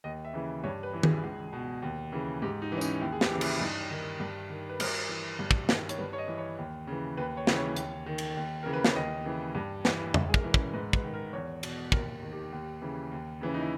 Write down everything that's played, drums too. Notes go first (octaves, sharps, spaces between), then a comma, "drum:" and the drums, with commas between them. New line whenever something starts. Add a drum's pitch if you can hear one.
D#2 D#5
E5
C#3 E3
G2 C#5
B4
E3
G#4, drum: tom D#3
C#2
B2
D#2
C#3 E3
G#2 G4
D#4
E3
C#4
D#4, drum: tambourine
D#2 E4
G#4
G4, drum: snare
C#3 E3
E4, drum: cymbal
G2 D#4
D#3
G2
D#3
B4
G2 A#4, drum: cymbal
E3
G2
drum: kick
D#3, drum: snare
C#5, drum: hi-hat
G2 B4
C#5
D#5
E3
C#5
D#2
C#3 E3
D#2 B4
C#5
C#3 E3, drum: snare
C#5
D#2, drum: hi-hat
D#3
drum: cymbal
D#2
C#3 E3 A#4
B4
C#5, drum: snare
D#2 D#5
C#3 E3
G2
E3, drum: snare
G#2 E5, drum: tom F2
G#4
A#4, drum: kick
E3
C#4, drum: kick
G#2 B4
B4, drum: kick
D#3
A#4
E2 C#5
B2, drum: cymbal
D#2 A#4, drum: kick
D#3
G4
D#2
C#3 E3
D#2
C#3 E3 C#4
D#4
E4